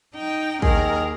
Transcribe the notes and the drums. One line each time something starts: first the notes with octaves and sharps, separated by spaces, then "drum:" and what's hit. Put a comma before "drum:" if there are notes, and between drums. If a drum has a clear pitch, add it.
D#4 G5
D#2 D#3 G#4 A#4, drum: kick